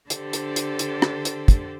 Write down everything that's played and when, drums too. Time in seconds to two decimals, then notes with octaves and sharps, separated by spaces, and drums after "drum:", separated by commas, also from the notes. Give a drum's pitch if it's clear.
0.10 D3 D4 G4 A4 C5, drum: hi-hat
0.33 drum: hi-hat
0.56 drum: hi-hat
0.79 drum: hi-hat
1.02 drum: rim click
1.25 drum: hi-hat
1.48 drum: kick, hi-hat